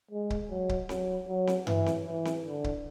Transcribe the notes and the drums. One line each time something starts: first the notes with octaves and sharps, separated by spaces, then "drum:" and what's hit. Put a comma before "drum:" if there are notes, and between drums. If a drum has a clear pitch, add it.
G#3
drum: kick C#1
F#3
drum: kick C#1
F#3, drum: snare C4
F#3
drum: snare C4
E3, drum: tom G2
drum: snare C4
E3
drum: snare C4
D3
drum: kick C#1